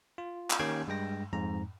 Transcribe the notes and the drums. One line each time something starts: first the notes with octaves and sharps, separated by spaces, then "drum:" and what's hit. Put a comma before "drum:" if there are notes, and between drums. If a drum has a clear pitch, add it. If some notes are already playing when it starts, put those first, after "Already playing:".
F4
drum: clap
D#3 A#3 C#4 G4 G5 G#6
G2 G#3 G5 A#6
F2 G#2 A#5